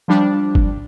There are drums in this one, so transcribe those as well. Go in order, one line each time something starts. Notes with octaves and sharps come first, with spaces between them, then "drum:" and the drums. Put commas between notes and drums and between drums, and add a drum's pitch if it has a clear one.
F3 G3 D4
drum: kick